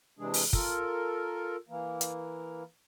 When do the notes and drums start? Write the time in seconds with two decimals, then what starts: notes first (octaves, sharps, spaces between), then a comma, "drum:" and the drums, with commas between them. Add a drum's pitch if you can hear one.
0.19 C3 E3 G#3 D4 G#4
0.34 drum: open hi-hat
0.53 F4 A4 A#4, drum: kick
1.69 E3 A#3
2.01 drum: hi-hat